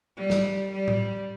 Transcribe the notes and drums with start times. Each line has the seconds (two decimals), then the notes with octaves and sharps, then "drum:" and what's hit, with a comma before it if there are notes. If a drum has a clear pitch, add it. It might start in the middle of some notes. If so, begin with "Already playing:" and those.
0.17 G3
0.30 drum: snare
0.72 G3
0.88 drum: tom A2